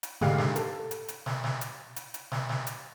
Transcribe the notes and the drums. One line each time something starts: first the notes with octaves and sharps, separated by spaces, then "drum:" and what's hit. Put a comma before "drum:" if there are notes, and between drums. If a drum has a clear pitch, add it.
drum: hi-hat
G#2 D3 G4 F5 C7, drum: snare
drum: snare
A4, drum: hi-hat
drum: hi-hat
drum: hi-hat
drum: snare
drum: snare
drum: hi-hat
drum: hi-hat
drum: hi-hat
drum: snare
drum: snare
drum: hi-hat